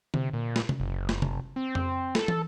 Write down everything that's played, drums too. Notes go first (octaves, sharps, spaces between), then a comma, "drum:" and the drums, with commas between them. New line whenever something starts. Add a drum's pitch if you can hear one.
C3, drum: tom D3
A#2
drum: snare
drum: tom C3
F#1
drum: snare
drum: tom C3
C4
drum: tom F2
A4, drum: snare
drum: tom